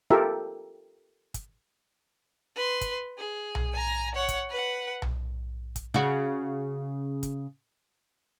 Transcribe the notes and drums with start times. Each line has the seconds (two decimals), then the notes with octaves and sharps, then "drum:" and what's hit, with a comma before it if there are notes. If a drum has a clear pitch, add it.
0.10 F4 G4 A4 A#4 E5
1.34 drum: kick, hi-hat
2.56 B4 C6
2.81 drum: kick, hi-hat
3.18 G#4
3.55 drum: tom B1
3.72 G#5 A#5
4.15 C#5 F#5
4.28 drum: kick, hi-hat
4.50 B4 F#5
5.02 drum: tom B1
5.76 drum: kick, hi-hat
5.94 C#3 F#4
7.23 drum: kick, hi-hat